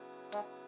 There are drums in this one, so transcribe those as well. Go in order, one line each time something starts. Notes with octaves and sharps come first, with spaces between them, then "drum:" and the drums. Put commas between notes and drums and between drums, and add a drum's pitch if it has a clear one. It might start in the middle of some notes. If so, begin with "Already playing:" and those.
Already playing: C#3 F#3 B3 E4
G#3, drum: hi-hat